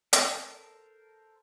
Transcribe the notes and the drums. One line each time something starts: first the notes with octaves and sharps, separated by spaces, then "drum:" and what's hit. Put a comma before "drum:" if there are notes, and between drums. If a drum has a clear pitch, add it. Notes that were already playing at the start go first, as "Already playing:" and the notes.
A4 A#4 C5, drum: hi-hat